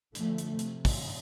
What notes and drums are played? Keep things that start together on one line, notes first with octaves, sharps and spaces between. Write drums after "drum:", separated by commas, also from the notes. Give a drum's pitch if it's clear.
D3 F3 A3, drum: hi-hat
drum: hi-hat
C3, drum: hi-hat
drum: kick, open hi-hat